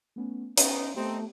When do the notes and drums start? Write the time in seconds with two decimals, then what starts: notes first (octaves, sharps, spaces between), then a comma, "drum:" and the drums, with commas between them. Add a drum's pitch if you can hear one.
0.16 A3 B3 C#4
0.57 B3 C#4 D#4 E5, drum: hi-hat
0.96 A3 B3 C4 D#4 G4